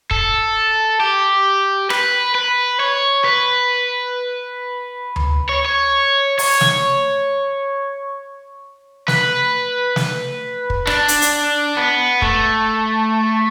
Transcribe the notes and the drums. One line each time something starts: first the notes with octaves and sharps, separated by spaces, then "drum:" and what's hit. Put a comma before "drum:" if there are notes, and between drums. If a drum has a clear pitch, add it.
A4, drum: kick
G4
B4, drum: rim click
B4
C#5
B4
drum: tom D2
C#5
C#5
C#5, drum: open hi-hat
drum: snare
B4, drum: snare
drum: snare
drum: kick
D4, drum: rim click
drum: hi-hat
drum: hi-hat
B3
A3, drum: kick